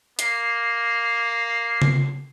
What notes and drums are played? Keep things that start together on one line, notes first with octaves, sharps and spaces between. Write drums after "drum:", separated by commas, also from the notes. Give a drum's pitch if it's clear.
A#3 C7, drum: hi-hat
drum: tom C#3